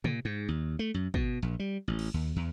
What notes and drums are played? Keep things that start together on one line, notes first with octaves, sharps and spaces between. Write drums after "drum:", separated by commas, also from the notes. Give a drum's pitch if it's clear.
A#2, drum: tom C3
G#2
D#2
A3
F#2
B2, drum: kick
A#1
G3
A1
drum: cymbal
D#2
E2